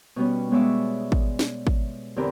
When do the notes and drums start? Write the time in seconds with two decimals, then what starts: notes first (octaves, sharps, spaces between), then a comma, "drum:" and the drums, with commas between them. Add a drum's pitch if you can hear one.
0.16 B2 G3 B3 C#4
0.51 G#3 B3 G#4 C#5 D5 E5
1.12 drum: kick
1.39 drum: snare
1.67 drum: kick
2.16 E2 D3 C4 G4 A#4 B5